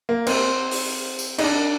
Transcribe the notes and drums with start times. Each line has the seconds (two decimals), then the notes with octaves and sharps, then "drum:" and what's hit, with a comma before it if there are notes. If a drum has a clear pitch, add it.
0.09 A#3
0.26 C4, drum: cymbal
0.71 drum: open hi-hat
1.19 drum: tambourine
1.38 D#4, drum: cymbal
1.44 D4